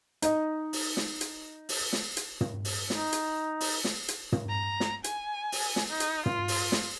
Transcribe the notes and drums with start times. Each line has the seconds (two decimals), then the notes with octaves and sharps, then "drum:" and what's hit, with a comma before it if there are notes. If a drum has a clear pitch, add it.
0.22 D#4 D#5, drum: hi-hat
0.73 drum: open hi-hat
0.97 drum: snare
1.21 drum: hi-hat
1.69 drum: open hi-hat
1.93 drum: snare
2.17 drum: hi-hat
2.41 drum: tom
2.65 drum: open hi-hat
2.90 D#4, drum: snare
3.13 drum: hi-hat
3.60 drum: open hi-hat
3.84 drum: snare
4.08 drum: hi-hat
4.32 drum: tom
4.49 A#5
4.80 drum: snare
5.04 G#5, drum: hi-hat
5.52 drum: open hi-hat
5.76 drum: snare
5.90 D#4
6.00 drum: hi-hat
6.26 F4, drum: tom
6.48 drum: open hi-hat
6.72 drum: snare